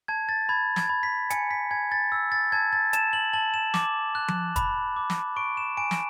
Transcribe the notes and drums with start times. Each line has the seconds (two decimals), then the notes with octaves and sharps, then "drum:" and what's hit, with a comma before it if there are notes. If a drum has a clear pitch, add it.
0.08 A5 G#6
0.29 A6
0.49 B5 G#6
0.76 G#6, drum: snare
0.89 B5
1.03 B6
1.30 G#5 C#7, drum: hi-hat
1.51 B6
1.71 G#5 G#6
1.92 A6
2.12 E6
2.32 A6
2.52 A5 G#6
2.73 A6
2.93 A5 E7, drum: hi-hat
3.13 F#7
3.33 A5 F#7
3.54 E7
3.74 D6, drum: snare
4.15 F#6
4.28 drum: tom F3
4.56 B5, drum: kick, hi-hat
4.97 D6
5.10 drum: snare
5.36 C#6 D7
5.57 E7
5.77 G#5 D7
5.91 drum: snare